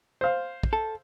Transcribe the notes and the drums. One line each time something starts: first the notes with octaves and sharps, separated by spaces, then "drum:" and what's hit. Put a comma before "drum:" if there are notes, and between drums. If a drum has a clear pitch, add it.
C5 F5
drum: kick
A4